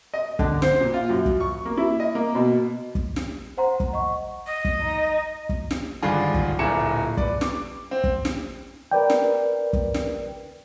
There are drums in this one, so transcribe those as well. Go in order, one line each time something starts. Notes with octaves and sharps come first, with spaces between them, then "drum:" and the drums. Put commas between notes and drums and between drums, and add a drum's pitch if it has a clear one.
D#5
D3, drum: kick
C5, drum: snare
A#2
F4
F#2
drum: kick
C#6
A#3
E4
D#5
A#3
B2
drum: kick
drum: snare
C5 F#5 A#5 C6
drum: kick
D#5 F#5 C#6
D#5
drum: kick
D#4
drum: kick
drum: snare
G#1 G2 D3 F4 G#4
drum: kick
D1 A#2 E4 G#4 C#7 E7
B4 D5, drum: kick
D6, drum: snare
C4
drum: kick
drum: snare
A#4 B4 D5 G5
drum: snare
drum: kick
drum: snare